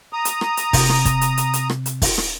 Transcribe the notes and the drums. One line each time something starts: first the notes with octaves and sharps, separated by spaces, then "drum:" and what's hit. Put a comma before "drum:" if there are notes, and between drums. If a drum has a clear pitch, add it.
A#5 D#6
drum: hi-hat
drum: rim click
drum: hi-hat
C3, drum: kick, open hi-hat
drum: rim click
drum: kick, hi-hat
drum: hi-hat
drum: hi-hat
drum: hi-hat
drum: rim click
drum: hi-hat
drum: kick, open hi-hat
drum: rim click